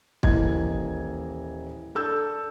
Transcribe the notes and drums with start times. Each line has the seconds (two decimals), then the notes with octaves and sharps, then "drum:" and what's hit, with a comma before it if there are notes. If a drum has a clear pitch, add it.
0.23 D#1 E3 A#3 D#5 G#6, drum: kick
1.95 D4 A4 E6 G6